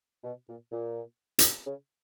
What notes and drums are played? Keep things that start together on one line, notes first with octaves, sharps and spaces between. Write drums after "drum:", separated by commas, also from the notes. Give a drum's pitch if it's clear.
B2
A#2
A#2
drum: hi-hat
C#3